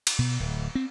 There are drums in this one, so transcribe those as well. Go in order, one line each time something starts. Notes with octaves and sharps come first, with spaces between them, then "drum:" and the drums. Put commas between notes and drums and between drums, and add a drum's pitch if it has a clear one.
drum: cymbal
B2
D1
C4